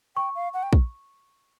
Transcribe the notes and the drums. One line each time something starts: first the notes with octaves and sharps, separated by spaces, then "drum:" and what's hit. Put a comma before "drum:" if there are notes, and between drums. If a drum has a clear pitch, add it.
G5 C#6
F5
F#5
G5
drum: kick